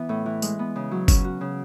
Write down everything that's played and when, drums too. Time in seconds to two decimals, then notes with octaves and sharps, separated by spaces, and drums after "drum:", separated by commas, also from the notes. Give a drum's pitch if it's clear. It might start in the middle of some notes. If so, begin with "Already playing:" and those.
Already playing: E3 B3
0.09 A2
0.26 E3
0.42 G#3, drum: tambourine
0.59 B3
0.76 C#3
0.91 F#3
1.08 C#4, drum: kick F#1, tambourine
1.24 F#4
1.41 C#3